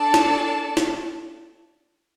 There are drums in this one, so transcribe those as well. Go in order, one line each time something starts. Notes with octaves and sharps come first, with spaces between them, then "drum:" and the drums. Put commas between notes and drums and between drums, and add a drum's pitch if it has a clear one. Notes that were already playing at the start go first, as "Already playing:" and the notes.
Already playing: D4 A4 D5 A5
drum: snare
drum: snare